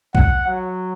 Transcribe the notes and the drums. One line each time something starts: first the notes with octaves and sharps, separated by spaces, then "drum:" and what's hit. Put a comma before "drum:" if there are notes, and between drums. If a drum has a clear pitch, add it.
F#5, drum: kick A#1
F#3